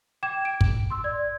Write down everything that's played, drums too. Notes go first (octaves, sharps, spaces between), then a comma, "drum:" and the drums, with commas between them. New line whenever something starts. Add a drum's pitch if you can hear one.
G5 D6 G#6 E7
D7
drum: kick
C6 E6
D5 G#6